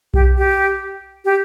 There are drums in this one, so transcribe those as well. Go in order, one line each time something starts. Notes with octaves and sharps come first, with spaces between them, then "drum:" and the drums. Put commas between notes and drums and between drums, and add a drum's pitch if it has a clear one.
G4, drum: kick B1
G4
G4